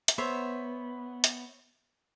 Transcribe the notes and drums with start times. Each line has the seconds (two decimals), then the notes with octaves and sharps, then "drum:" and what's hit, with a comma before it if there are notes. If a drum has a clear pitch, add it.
0.08 drum: hi-hat
0.18 B3 C5 C#5 E5
1.24 drum: hi-hat